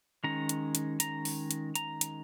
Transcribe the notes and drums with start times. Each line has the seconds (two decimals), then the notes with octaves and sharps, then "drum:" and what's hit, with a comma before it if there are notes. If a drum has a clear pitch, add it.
0.24 D#3 G#3 C#4 A#5
0.49 drum: hi-hat
0.75 drum: hi-hat
1.00 A#5, drum: hi-hat
1.25 drum: open hi-hat
1.51 drum: hi-hat
1.75 A#5, drum: hi-hat
2.01 drum: hi-hat